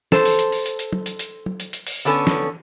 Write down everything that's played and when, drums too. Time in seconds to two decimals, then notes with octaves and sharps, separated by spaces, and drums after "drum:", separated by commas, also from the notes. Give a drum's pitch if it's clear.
0.12 A4 C5, drum: snare
0.25 drum: open hi-hat
0.39 drum: hi-hat
0.52 drum: open hi-hat
0.66 drum: hi-hat
0.79 drum: hi-hat
0.93 drum: tom
1.06 drum: hi-hat
1.19 drum: hi-hat
1.46 drum: tom
1.60 drum: hi-hat
1.73 drum: hi-hat
1.87 drum: open hi-hat
2.05 D3 B3 C#4 A4
2.27 drum: snare